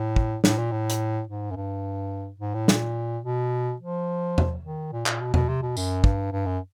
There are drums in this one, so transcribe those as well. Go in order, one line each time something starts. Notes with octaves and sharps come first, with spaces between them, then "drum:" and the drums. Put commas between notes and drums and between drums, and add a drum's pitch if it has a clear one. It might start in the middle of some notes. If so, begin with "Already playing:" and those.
Already playing: A2
drum: kick
A2, drum: snare
A#2
A2
drum: hi-hat
G#2
F#2
G2
G#2
A2
A#2, drum: snare
B2
F3
drum: tom E2
D#3
A#2
A#2, drum: clap
B2
B2, drum: tom E2
C3
B2
F#2, drum: tambourine
G2, drum: kick
G2
F#2